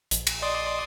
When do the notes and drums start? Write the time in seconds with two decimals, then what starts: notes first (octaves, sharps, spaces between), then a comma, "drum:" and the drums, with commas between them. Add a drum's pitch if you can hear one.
0.11 A#1, drum: hi-hat
0.27 drum: cymbal
0.42 D5 D#5 C6 D#6